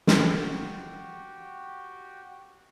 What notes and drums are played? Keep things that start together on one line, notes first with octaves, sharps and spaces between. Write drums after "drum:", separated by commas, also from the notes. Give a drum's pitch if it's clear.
F#4 G4, drum: snare